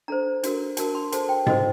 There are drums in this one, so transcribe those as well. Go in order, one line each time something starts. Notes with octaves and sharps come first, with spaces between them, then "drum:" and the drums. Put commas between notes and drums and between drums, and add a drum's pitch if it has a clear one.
D4 A4 C5 A#5
D4 F#4 A#4, drum: hi-hat
D4 F#4 A#4 A5, drum: hi-hat
C6
F#4 A4 C5 A5, drum: hi-hat
G5
F#4 A4 C5 D#5, drum: tom G#2